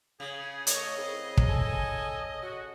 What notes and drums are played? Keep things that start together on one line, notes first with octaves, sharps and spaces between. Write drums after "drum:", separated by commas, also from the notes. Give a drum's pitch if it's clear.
C#3 G#4
A3 A#4 C#5 D#5, drum: hi-hat
C4 E4 G#4
drum: kick
A4 G#5
C#4 F#4